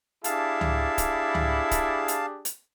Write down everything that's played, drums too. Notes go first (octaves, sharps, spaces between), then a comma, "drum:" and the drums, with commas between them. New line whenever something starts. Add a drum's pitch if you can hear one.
D4 E4 G4 G#4 F5 A5, drum: hi-hat
drum: tom C#2
drum: kick, hi-hat
drum: tom C#2
drum: kick, hi-hat
drum: hi-hat
drum: hi-hat